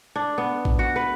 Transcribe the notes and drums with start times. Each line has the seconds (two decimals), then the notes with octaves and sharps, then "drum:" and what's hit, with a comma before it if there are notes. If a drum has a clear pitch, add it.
0.16 D4
0.38 B3
0.65 drum: kick A1
0.79 F#4
0.96 B4